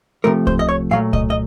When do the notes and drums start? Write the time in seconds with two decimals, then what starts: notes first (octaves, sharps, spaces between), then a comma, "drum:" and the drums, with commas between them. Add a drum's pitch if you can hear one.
0.24 C3 F3 A3 A#4
0.47 C5, drum: kick C2
0.59 D#5
0.69 C#5
0.91 A#2 F#3 A3 F5
1.13 D#5, drum: kick C2
1.30 D#5